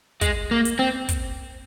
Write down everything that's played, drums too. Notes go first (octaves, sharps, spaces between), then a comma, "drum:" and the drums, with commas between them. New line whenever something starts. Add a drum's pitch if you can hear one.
G#3, drum: kick, hi-hat
A#3
drum: hi-hat
C4
drum: kick, hi-hat